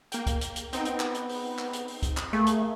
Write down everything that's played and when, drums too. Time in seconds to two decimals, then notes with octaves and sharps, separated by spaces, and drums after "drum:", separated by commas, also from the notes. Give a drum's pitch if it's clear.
0.12 A#3 G5, drum: hi-hat
0.26 drum: kick, hi-hat
0.41 drum: hi-hat
0.56 drum: hi-hat
0.73 B3 C4 D#4 G5, drum: hi-hat
0.85 drum: hi-hat
1.00 drum: clap
1.14 drum: hi-hat
1.29 drum: open hi-hat
1.58 drum: clap
1.73 drum: hi-hat
1.88 drum: open hi-hat
2.02 drum: kick, hi-hat
2.17 drum: clap
2.33 A3 A#3 G#4
2.46 drum: hi-hat